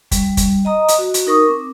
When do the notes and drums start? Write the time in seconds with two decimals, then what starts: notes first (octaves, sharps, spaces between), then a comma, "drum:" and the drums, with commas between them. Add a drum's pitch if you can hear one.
0.11 G3, drum: kick, hi-hat
0.37 drum: kick, hi-hat
0.65 D#5 A#5 D#6
0.88 drum: hi-hat
0.98 F#4
1.14 drum: hi-hat
1.27 D#4 A#4 C#6 D#6
1.47 C4 D6